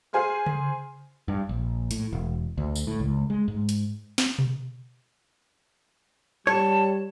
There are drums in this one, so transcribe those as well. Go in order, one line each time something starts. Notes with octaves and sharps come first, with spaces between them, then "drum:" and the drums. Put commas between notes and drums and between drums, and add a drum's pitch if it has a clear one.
G#4 C5 G#5 C6 F6
drum: tom C#3
G2
A#1
A2, drum: hi-hat
E1
D2
drum: tambourine
A2
C#2
G#3
G#2
drum: hi-hat
drum: snare
drum: tom B2
G3 C#5 A5